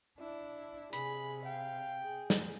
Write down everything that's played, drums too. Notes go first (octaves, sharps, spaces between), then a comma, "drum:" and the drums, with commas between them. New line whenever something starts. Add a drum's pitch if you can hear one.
D4 E4
C3 G#4 B5, drum: hi-hat
F5 G5
G#4
drum: snare